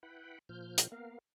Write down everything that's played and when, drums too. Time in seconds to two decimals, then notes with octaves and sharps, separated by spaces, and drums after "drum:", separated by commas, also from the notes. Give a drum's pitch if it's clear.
0.03 E4 B4 F#5 G5 B5
0.49 A#2 F3 F6 G6
0.78 drum: hi-hat
0.92 A#3 B3 A#4 F5